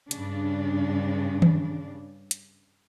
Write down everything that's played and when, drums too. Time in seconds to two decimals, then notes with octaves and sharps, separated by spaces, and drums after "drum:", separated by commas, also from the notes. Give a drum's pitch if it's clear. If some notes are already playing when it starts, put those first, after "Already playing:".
0.11 G2 C#3 D4, drum: hi-hat
1.42 drum: tom D#3
2.31 drum: hi-hat